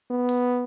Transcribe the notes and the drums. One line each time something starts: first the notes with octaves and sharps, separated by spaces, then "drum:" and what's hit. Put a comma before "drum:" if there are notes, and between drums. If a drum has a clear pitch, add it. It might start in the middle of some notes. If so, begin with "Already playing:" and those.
B3
drum: open hi-hat